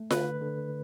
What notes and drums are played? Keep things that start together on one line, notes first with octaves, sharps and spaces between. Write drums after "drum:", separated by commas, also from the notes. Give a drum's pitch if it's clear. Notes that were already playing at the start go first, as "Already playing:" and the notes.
Already playing: A3
D3 B4, drum: snare F4
D3